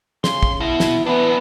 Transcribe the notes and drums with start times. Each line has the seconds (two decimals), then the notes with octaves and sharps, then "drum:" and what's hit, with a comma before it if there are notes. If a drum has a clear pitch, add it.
0.24 C#3 C6, drum: snare
0.43 drum: kick
0.60 B2 E4
0.80 drum: snare
1.06 E3 B3 D4 E4